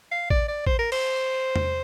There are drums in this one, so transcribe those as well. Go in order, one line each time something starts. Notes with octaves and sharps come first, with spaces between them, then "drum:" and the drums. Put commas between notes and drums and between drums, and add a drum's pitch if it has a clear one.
F5
D5, drum: kick
D5
C5, drum: kick
A#4
C5, drum: cymbal
drum: tom E2